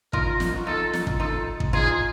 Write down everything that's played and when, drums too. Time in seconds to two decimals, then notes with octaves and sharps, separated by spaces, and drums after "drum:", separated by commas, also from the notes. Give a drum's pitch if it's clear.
0.13 D#4 F4 A#4, drum: kick
0.40 drum: snare
0.55 F#4
0.67 D#4 F4 A4
0.93 drum: snare
1.07 drum: kick
1.20 D#4 F4 A4
1.60 drum: kick
1.73 D#4 F4 G#4, drum: kick